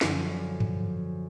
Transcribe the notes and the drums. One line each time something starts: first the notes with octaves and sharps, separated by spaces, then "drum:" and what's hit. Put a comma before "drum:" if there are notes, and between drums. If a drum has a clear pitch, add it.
F#2 D3 F3, drum: snare
drum: tom G2